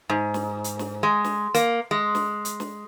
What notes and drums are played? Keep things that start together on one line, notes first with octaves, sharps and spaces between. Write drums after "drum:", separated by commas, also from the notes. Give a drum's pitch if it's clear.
G#2
drum: snare
drum: hi-hat
drum: snare
G#3
drum: snare
A#3, drum: hi-hat
G#3
drum: snare
drum: hi-hat
drum: snare